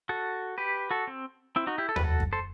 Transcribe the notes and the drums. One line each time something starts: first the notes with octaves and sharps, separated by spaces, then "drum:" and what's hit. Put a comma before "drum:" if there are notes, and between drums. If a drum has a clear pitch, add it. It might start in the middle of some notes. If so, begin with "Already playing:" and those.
F#4 A4
G4 B4
F#4 A4
C4
C4 E4
D#4 F#4
E4 G4
A4
B4, drum: tom D#2
F#4 A4
drum: kick F#2
A4 C5